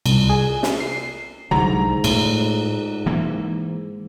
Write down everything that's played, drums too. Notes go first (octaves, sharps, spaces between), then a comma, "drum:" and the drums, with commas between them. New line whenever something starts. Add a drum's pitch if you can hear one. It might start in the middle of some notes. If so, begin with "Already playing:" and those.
C2, drum: cymbal
G#4
drum: snare
C7
C2 G#2 D3 F#3 A#5
A2, drum: cymbal
E3 A#3